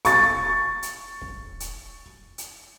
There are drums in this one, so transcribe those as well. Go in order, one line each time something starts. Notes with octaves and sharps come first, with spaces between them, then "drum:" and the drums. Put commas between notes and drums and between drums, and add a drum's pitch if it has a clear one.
C#6 A6, drum: kick, hi-hat
drum: hi-hat
drum: kick
drum: hi-hat
drum: hi-hat